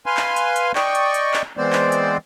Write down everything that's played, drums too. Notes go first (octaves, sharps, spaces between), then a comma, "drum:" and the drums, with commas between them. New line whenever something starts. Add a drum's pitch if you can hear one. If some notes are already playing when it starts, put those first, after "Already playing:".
B4 F5 G#5 C6
drum: clap
drum: hi-hat
drum: hi-hat
D5 D#5 G5 C#6, drum: clap
drum: hi-hat
drum: hi-hat
drum: clap
E3 G#3 B3 C4 C5 D5
drum: clap
drum: hi-hat